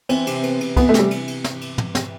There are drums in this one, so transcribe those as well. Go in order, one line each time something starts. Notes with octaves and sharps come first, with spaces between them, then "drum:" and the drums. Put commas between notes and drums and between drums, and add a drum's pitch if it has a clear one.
E3 C4, drum: cymbal
C3, drum: cymbal
B3, drum: cymbal
C3, drum: cymbal
E3 B3, drum: kick C2, cymbal
A3
C3 G3, drum: snare
drum: cymbal
drum: cymbal
drum: snare
drum: cymbal
drum: tom
drum: snare